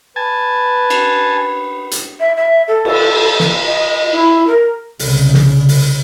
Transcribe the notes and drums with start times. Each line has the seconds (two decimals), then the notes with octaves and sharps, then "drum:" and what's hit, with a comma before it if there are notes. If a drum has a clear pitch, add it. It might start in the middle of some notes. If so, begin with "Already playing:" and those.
0.16 B4 G#5 A5
0.90 drum: cymbal
1.91 drum: hi-hat
2.20 E5
2.37 E5
2.68 A4
2.85 drum: cymbal
3.40 drum: snare
3.66 D#5
4.12 E4
4.47 A#4
4.99 C2 C#3, drum: open hi-hat
5.34 drum: snare
5.69 drum: open hi-hat